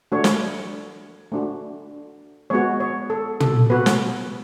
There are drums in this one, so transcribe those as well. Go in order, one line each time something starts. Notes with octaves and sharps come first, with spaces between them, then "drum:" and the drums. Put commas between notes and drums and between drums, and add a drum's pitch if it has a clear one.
A3 D4 F#4 C#5
drum: snare
A3 D4 F#4
G#3 B3 F#4 C#5
C#5
A4
A4, drum: tom
B3 F#4 B4
drum: snare